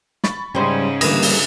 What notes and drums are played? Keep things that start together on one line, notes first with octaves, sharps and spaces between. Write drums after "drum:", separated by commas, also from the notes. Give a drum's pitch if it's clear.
B5 C#6 A6, drum: snare
G#2 C#3 G3 C#4 C5
D3 E3 G3 A#3 D#5 A#6, drum: cymbal
drum: open hi-hat